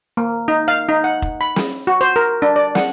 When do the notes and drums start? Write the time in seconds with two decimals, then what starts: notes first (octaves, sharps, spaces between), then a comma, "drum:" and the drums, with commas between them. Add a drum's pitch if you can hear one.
0.17 A#3
0.48 D#4
0.68 F5
0.89 D#4
1.04 F#5
1.22 drum: kick F1
1.41 B5
1.56 drum: snare
1.87 F#4
2.01 C5
2.16 A#4
2.42 D4
2.56 D5
2.75 F#5, drum: snare